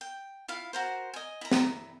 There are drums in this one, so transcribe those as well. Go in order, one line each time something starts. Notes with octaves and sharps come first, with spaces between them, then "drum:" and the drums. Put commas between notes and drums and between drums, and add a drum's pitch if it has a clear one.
G5
E4 F4 F5
F#4 A#4 C5
D#5 G#5
E4 A#5
drum: snare